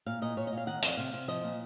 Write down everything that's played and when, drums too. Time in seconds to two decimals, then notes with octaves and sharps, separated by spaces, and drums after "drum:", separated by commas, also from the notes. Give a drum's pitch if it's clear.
0.06 A#2 F5
0.22 A#2 D#5
0.37 A#2 C#5
0.47 D#5
0.52 A#2
0.57 F5
0.67 D#3 F#5
0.82 F2 F5, drum: hi-hat
0.97 C3 F5
1.13 C3
1.28 F3 D#5
1.43 A#2